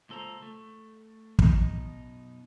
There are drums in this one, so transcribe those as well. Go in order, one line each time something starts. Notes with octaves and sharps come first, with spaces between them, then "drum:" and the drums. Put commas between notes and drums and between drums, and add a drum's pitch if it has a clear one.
C#2 A#2 A4 C5 A#5
A3
F#2 B2 D#4, drum: kick